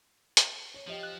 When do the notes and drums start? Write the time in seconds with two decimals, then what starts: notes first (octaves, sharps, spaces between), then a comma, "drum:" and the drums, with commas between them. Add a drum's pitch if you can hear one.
0.37 drum: hi-hat
0.74 C#5
0.87 F3 G4 D#5 G5
1.03 F#6